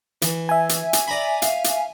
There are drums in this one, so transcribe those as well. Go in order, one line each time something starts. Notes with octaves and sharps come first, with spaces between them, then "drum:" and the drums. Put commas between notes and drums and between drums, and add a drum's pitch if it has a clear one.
E3, drum: hi-hat
E5 G#5
drum: hi-hat
drum: hi-hat
D5 A#5 B5
F5, drum: hi-hat
drum: hi-hat